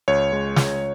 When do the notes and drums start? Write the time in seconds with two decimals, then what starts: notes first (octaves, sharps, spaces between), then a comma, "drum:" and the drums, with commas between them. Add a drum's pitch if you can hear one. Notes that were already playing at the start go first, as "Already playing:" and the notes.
0.08 C#2 C#5
0.32 G#3
0.56 C#2, drum: snare